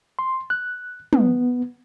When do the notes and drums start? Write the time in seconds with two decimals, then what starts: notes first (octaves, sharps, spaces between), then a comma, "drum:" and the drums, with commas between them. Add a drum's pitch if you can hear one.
0.19 C6
0.50 F#6
1.13 B3, drum: tom